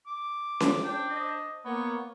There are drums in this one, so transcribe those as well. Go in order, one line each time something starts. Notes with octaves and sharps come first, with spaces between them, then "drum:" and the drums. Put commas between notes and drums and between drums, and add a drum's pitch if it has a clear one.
D6
drum: snare C#4
D4 C5 G5
D#5
A#3 B3 C#5